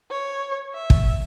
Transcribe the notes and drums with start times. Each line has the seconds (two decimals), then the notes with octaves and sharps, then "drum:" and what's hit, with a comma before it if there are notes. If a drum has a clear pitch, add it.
0.11 C#5
0.75 E5
0.90 drum: kick